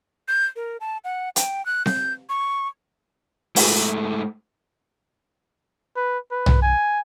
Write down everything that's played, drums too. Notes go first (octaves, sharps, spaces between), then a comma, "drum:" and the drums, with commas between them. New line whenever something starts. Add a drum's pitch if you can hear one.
G6
A#4
A5
F#5
G5, drum: hi-hat
F#6
G6, drum: snare C4
C#6
G#2 A3, drum: open hi-hat
B4
B4
drum: tom
G#5